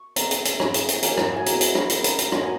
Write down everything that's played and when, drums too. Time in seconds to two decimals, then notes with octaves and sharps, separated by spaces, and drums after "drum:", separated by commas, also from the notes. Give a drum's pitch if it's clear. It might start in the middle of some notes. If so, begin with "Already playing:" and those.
Already playing: C#6
0.16 G#3 B3 D#4 A#5, drum: hi-hat
0.31 drum: hi-hat
0.45 drum: hi-hat
0.60 G#3 C#4 E4, drum: rim click
0.74 drum: hi-hat
0.89 drum: hi-hat
1.03 F#3 A#3 D#4 G#5, drum: hi-hat
1.17 drum: rim click
1.36 G#5
1.46 G#3 B3 E4 A#5, drum: hi-hat
1.61 drum: hi-hat
1.75 drum: rim click
1.90 A#3 D#4 B5, drum: hi-hat
2.04 A#5, drum: hi-hat
2.19 A#5, drum: hi-hat
2.32 F#3 B3 D#4 A#5, drum: rim click
2.41 G#5